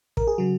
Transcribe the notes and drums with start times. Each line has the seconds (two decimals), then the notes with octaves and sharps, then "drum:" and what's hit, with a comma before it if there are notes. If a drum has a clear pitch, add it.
0.17 A#4, drum: kick
0.27 G#4
0.38 C#3 F#3 F#4